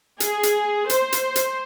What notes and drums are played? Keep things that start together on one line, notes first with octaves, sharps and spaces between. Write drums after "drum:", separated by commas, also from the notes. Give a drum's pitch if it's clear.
G#4, drum: hi-hat
drum: hi-hat
C5, drum: hi-hat
drum: hi-hat
drum: hi-hat